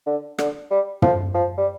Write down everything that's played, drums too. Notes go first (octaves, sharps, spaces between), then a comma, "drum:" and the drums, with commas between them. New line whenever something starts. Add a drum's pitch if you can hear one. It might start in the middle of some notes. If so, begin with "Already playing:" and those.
D3
D3, drum: rim click
G3
F3, drum: tom
F3
G3